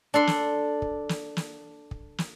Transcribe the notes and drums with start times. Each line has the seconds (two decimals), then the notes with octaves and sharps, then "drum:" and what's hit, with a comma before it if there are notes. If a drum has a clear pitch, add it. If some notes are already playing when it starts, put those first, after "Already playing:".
0.14 D4 A4 C6
0.27 drum: snare
0.82 drum: kick
1.09 drum: snare
1.37 drum: snare
1.91 drum: kick
2.18 drum: snare